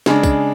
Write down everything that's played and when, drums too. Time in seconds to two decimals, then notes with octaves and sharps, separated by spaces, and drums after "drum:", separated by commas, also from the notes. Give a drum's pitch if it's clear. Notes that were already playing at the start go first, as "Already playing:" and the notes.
0.06 C#3 G#3 D4, drum: snare
0.23 drum: kick, tambourine